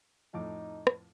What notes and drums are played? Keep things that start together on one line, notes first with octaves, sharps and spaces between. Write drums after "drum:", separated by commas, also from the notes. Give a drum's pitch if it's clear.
F2 A2 D#4 D6
drum: rim click